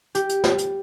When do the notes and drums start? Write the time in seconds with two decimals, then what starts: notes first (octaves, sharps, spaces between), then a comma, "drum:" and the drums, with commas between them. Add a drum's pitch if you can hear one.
0.15 G4, drum: hi-hat
0.29 drum: hi-hat
0.44 drum: snare
0.58 drum: hi-hat